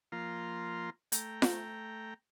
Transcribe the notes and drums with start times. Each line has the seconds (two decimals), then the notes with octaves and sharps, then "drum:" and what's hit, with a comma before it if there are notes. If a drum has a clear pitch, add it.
0.12 F3 A#3 F4 A#5 C6
1.12 A3 G5 A#5, drum: hi-hat
1.42 drum: snare F4